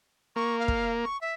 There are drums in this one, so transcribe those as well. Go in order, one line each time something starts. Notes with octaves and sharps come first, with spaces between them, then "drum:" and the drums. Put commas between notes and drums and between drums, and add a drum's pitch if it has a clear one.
A#3 C#6
F5
drum: kick
C#6
E5